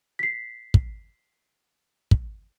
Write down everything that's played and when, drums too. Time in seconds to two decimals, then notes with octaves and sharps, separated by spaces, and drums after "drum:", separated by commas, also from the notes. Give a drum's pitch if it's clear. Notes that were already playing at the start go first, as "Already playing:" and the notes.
0.19 B6 C7
0.74 drum: kick
2.11 drum: kick